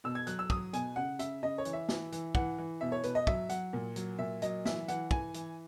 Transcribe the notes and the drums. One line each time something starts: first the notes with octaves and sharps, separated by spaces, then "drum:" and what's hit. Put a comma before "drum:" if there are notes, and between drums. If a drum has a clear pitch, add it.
B2 E6
G#6
F#3 F#6, drum: hi-hat
E6
F#3 D#6, drum: kick
B2 G#5, drum: hi-hat
C#3 F#5
C#3 E5, drum: hi-hat
C#3 D#5
C#5
E3, drum: hi-hat
E5
E3, drum: snare
E3, drum: hi-hat
E3 F#5, drum: kick
E3
B2 E5
C#5
B2 B4, drum: hi-hat
D#5
F#3 E5, drum: kick
F#3 F#5, drum: hi-hat
A#2
F#3, drum: hi-hat
A#2 E5
F#3 D#5, drum: hi-hat
E3 E5, drum: snare
E3 F#5, drum: hi-hat
E3 G#5, drum: kick
E3, drum: hi-hat